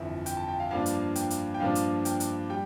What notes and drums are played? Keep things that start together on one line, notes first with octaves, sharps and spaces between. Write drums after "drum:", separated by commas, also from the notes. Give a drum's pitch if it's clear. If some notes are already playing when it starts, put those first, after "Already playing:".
Already playing: G1 F2 E3 E5
G5, drum: hi-hat
A5
G5
F5
G2 F3 A#3 D4 F5
drum: hi-hat
G5, drum: hi-hat
drum: hi-hat
G5
G2 F3 A#3 D4 F5
drum: hi-hat
G5, drum: hi-hat
drum: hi-hat
G3 G5